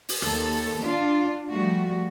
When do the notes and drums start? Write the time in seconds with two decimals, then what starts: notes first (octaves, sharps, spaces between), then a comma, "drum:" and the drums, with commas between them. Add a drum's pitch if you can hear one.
0.09 drum: open hi-hat
0.22 D#2 A4, drum: rim click
0.83 D4 F4
1.51 F3 G3 A3 F#4